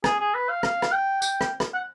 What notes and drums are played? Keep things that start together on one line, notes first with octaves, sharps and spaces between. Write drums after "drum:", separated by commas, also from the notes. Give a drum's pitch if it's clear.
G#4, drum: rim click
G#4
B4
F5
F5, drum: rim click
drum: rim click
G5
G5, drum: tambourine
drum: rim click
drum: rim click
F#5